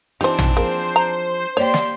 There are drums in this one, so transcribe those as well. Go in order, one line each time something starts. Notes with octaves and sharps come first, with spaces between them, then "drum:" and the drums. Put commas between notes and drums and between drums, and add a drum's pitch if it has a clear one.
E3 C4 D4 D#4 F4 G4 C5, drum: hi-hat
drum: tom
F3 A#3 G#4 C5
A#5
A#3 G4 C#5 D5 G5 C6
drum: snare